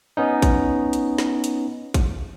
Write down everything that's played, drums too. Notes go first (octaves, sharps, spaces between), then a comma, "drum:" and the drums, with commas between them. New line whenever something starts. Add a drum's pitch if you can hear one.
B3 C#4 D#4
drum: kick, hi-hat
drum: hi-hat
drum: snare
drum: hi-hat
drum: kick, hi-hat